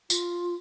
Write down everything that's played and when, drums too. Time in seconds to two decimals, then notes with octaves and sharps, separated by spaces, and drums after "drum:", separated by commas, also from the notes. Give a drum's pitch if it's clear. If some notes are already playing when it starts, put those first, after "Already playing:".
0.10 F4, drum: tambourine